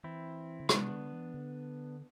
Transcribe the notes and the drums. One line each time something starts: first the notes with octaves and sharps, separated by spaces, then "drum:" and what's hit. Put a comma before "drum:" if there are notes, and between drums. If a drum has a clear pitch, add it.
E3 C4 E4
D3
C3 B3 D4, drum: rim click
D3
E3
D3